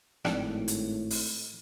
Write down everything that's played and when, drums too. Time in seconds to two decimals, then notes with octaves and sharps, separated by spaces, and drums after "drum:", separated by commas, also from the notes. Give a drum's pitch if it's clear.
0.25 G#1 A2 D4, drum: rim click
0.68 drum: hi-hat
1.10 drum: open hi-hat